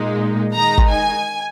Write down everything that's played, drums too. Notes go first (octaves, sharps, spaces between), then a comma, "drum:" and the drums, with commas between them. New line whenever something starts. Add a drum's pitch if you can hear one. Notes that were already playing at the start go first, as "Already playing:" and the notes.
Already playing: A#2 G#3 D#4
D#3 G#3 D#4 A#5
drum: kick
G#5